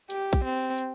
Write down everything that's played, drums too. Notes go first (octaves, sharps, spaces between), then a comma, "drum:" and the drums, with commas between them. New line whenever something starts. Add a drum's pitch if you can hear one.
G4, drum: hi-hat
drum: kick, hi-hat
C4
drum: hi-hat